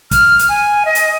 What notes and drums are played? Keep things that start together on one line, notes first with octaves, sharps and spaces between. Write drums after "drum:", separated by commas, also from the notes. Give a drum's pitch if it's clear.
F6, drum: kick, hi-hat
drum: hi-hat
G#5
D#5
drum: hi-hat